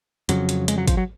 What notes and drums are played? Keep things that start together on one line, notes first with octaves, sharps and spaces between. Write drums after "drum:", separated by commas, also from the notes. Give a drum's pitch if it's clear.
F2 C#3 F#3, drum: hi-hat
drum: hi-hat
G#3, drum: hi-hat
F#3
F3, drum: kick G#1, hi-hat
F#3